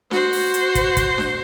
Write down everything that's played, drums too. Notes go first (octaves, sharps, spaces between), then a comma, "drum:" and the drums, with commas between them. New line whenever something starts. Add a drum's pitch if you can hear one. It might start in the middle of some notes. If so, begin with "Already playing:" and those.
F#4 C5, drum: snare D4
drum: open hi-hat
drum: hi-hat
drum: kick, hi-hat
drum: kick, hi-hat
drum: snare D4